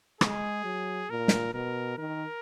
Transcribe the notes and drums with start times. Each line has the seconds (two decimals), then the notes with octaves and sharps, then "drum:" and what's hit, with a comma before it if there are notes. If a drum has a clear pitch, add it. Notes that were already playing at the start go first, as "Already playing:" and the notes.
0.21 G#3 G#4, drum: rim click
0.65 F#3
1.10 A#2 A#4
1.28 drum: snare
1.54 B2 A#4
1.98 D#3 A#4